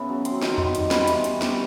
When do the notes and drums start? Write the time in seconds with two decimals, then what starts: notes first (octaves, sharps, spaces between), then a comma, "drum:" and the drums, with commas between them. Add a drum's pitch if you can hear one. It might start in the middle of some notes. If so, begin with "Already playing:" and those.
Already playing: C#3 B3 E4
0.09 F#3
0.25 C4 C6, drum: hi-hat
0.42 D#3, drum: snare
0.58 D#3 C6, drum: tom E2
0.75 G3, drum: hi-hat
0.91 B3 B5, drum: snare
0.99 C6
1.08 E3, drum: hi-hat
1.24 E3 C#6, drum: hi-hat
1.42 G3, drum: snare